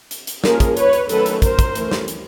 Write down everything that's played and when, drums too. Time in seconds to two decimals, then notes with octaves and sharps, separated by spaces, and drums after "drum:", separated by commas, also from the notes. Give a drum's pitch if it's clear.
0.11 drum: hi-hat
0.27 drum: hi-hat
0.44 F3 A#3 C#4 G#4 A#4, drum: snare
0.60 drum: kick, hi-hat
0.77 B4 C#5, drum: hi-hat
0.93 drum: hi-hat
1.09 D#3 F#3 A3 C#4 A4 B4, drum: hi-hat
1.26 drum: hi-hat
1.42 A#4 C5, drum: kick, hi-hat
1.59 drum: kick, hi-hat
1.75 E3 A3 C#4, drum: hi-hat
1.91 drum: snare
2.08 drum: hi-hat